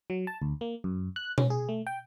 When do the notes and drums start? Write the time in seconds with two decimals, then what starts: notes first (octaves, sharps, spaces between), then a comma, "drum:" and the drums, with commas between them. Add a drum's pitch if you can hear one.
0.10 F#3
0.27 A5
0.42 D2
0.61 A#3
0.84 F#2
1.16 F#6
1.38 C#4, drum: tom B2
1.50 G#4
1.69 A3
1.87 G5